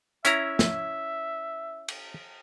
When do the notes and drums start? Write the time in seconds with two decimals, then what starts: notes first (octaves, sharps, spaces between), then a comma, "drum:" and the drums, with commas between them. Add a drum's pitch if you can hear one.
0.25 C#4 E4 E5 A#5, drum: hi-hat
0.59 drum: snare
1.88 drum: cymbal